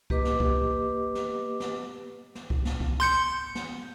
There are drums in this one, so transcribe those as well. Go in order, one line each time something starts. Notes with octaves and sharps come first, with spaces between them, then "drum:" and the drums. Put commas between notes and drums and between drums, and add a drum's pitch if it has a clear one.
A#3 G4 B4 D#5 D6, drum: kick
drum: snare
drum: kick
drum: snare
drum: snare
drum: snare
drum: kick
drum: snare
drum: kick
C6 G6 C#7
drum: snare